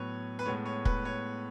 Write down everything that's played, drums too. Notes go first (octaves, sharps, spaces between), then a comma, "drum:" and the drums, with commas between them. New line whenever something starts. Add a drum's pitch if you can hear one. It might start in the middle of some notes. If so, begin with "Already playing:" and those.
Already playing: A2 F#3 B3 B4 C#5
B4
A2 G#3 B3 C#5
C#5
B4, drum: kick
C#5